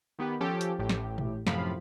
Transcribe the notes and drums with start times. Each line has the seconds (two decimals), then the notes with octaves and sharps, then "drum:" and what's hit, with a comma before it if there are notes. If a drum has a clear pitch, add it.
0.19 D#3 B3 G4 B4
0.40 F3 C#4 G4 A4
0.61 drum: hi-hat
0.78 A1 A2 G4
0.89 drum: snare
1.18 drum: tom
1.47 F#2 A2 C3 F3 F5 B5, drum: snare